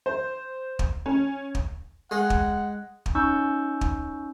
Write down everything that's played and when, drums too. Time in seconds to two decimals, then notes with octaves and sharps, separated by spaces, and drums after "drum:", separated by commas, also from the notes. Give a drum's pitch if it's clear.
0.06 C5
0.79 drum: kick
1.06 C#4
1.55 drum: kick
2.11 G#3 F#5
2.30 drum: kick
3.06 drum: kick
3.15 C#4 D#4 C#6 E6 G6
3.81 drum: kick